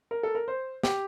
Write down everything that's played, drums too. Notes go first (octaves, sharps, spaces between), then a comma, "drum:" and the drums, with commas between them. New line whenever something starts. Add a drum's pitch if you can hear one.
A#4
A4
A#4
C5
G4, drum: snare